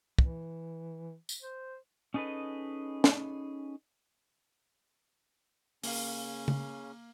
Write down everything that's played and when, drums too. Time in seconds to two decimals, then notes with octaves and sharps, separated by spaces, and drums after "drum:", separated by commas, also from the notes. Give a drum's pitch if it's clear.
0.19 E3, drum: kick
1.29 drum: tambourine
1.42 C5
2.14 C#4 D#4 G#4 A4 B4 D#5
3.04 drum: snare
5.84 C#3 A#3 C#4 F5, drum: open hi-hat
6.48 drum: tom C#3